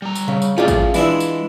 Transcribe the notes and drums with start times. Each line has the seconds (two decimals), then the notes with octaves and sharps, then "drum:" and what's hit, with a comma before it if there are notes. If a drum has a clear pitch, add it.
0.02 G3 A#5
0.15 drum: tambourine
0.28 C#3
0.42 drum: tambourine
0.58 A3 C#4 F4 G#4 D5
0.68 drum: kick, tambourine
0.94 E3 G#3 D4 E4, drum: tambourine
1.20 drum: tambourine